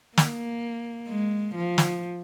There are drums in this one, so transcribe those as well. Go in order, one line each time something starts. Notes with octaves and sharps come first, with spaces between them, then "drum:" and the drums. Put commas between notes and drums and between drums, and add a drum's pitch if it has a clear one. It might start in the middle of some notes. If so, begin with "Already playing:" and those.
A#3, drum: snare
G#3
F3
drum: snare